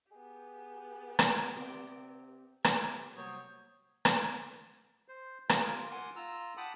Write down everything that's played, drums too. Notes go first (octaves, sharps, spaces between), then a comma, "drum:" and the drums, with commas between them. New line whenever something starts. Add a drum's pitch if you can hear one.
B3 G4 G#4
drum: rim click
C3 C4 D5
A#3 B3 G4 B4 D5 E5, drum: rim click
C2 F#3 A#3 C5 C#5 D#6 G6
drum: rim click
C5
A#3 G4 A#5 D#6 F#6, drum: rim click
F4 A#4
F#5 G#5 C6 D6
F4 A#5 E6
F#5 G5 A5 B5 D6 D#6